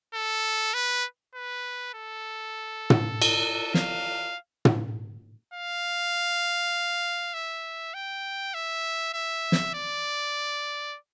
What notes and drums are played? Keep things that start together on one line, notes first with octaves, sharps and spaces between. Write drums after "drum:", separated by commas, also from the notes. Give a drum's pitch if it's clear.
A4
B4
B4
A4
drum: tom
drum: cymbal
F5, drum: snare
drum: tom
F5
E5
G5
E5
E5
drum: snare
D5